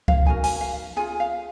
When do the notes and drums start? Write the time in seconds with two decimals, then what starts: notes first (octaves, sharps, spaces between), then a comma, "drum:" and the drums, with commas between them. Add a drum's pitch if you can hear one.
0.08 F5, drum: kick C#2
0.26 D#4 F#4 A#4 G#5
0.44 G#5, drum: open hi-hat
0.61 F5
0.96 F4 G#4 G#5
1.20 F5